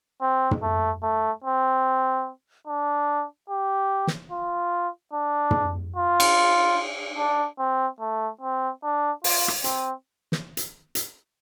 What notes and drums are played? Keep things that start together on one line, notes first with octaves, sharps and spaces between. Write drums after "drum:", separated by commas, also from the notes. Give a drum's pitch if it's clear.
C4
drum: tom
A3
A3
C4
D4
G4
drum: snare
F4
D4
drum: tom
F4
drum: cymbal
D4
C4
A3
C4
D4
F4, drum: open hi-hat
drum: rim click
C4, drum: hi-hat
drum: snare
drum: hi-hat
drum: hi-hat